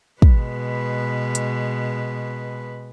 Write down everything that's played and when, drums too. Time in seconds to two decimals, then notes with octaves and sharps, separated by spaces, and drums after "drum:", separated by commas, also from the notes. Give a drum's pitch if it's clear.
0.22 B2 G#3 B4, drum: kick
1.35 drum: hi-hat